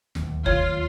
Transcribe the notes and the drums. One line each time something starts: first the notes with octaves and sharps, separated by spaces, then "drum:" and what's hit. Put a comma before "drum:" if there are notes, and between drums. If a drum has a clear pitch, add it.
D1 G1 D#2, drum: snare
F4 C#5, drum: kick F#1